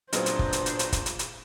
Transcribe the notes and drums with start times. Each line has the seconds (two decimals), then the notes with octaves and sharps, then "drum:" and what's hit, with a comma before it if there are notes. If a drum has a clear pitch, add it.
0.13 A#2 F#3 G#3 B3 C4 D4 C5, drum: hi-hat
0.26 drum: hi-hat
0.39 drum: kick
0.53 drum: hi-hat
0.66 drum: hi-hat
0.79 drum: hi-hat
0.92 drum: kick, hi-hat
1.06 drum: hi-hat
1.19 drum: hi-hat